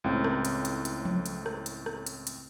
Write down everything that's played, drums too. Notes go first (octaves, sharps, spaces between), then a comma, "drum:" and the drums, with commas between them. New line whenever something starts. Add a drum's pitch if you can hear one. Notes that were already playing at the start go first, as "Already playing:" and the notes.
C#2 A2 C4
drum: rim click
drum: hi-hat
drum: hi-hat
drum: hi-hat
drum: tom F3
drum: hi-hat
drum: rim click
drum: hi-hat
drum: rim click
drum: hi-hat
drum: hi-hat